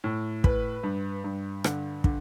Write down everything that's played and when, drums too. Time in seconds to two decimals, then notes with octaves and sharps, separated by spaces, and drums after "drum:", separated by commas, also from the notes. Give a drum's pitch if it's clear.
0.04 A2
0.44 B4, drum: kick
0.83 G2
1.24 G2
1.64 D3, drum: rim click
2.04 D3, drum: kick